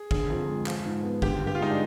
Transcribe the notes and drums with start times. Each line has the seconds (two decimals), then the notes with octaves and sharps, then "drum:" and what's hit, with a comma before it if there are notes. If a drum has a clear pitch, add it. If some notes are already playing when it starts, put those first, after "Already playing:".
Already playing: G#4
0.11 D3 G#4, drum: kick
0.30 F2
0.48 G#3
0.67 F3, drum: clap
0.86 G#2
1.03 B3
1.22 D3 G4, drum: kick
1.41 G2
1.47 G4
1.55 F4
1.60 G#3 D#4
1.70 D4